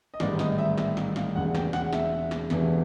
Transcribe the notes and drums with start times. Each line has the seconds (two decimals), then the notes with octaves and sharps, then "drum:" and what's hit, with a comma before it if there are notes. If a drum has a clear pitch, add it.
0.14 D#5
0.20 A1 G#2 D#3 G3 D5, drum: snare
0.39 D#5, drum: snare
0.58 E5
0.78 E5, drum: snare
0.97 F5, drum: snare
1.16 F5, drum: snare
1.35 E1 E2 C#3 F#5
1.55 G5, drum: snare
1.73 F#5, drum: snare
1.93 E5, drum: snare
2.31 drum: snare
2.50 E1 E2 C3 E3 A3, drum: snare